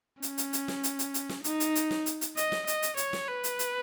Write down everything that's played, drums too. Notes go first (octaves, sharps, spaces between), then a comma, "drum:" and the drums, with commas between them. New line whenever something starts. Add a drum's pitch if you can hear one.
C#4, drum: hi-hat
drum: hi-hat
drum: hi-hat
drum: snare
drum: hi-hat
drum: hi-hat
drum: hi-hat
drum: snare
D#4, drum: hi-hat
drum: hi-hat
drum: hi-hat
drum: snare
drum: hi-hat
drum: hi-hat
D#5, drum: hi-hat
drum: snare
D#5, drum: hi-hat
drum: hi-hat
C#5, drum: hi-hat
drum: snare
B4
drum: hi-hat
drum: hi-hat